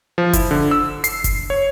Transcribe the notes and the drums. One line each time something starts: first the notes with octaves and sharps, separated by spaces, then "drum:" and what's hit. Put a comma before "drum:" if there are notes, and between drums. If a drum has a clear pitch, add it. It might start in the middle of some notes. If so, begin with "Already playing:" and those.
F3
E4, drum: kick F#1, hi-hat
D3
E6
C7, drum: hi-hat
drum: kick F#1, hi-hat
C#5